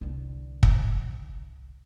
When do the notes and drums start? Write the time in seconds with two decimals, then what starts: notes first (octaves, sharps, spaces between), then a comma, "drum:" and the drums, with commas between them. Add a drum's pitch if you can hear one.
0.01 C2 D3
0.63 drum: kick